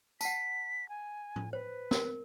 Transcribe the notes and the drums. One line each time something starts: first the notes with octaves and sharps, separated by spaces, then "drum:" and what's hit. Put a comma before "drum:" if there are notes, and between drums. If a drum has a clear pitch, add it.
F#5 A5 B6, drum: tambourine
G#5
drum: tom A2
B4 C5
A#4, drum: snare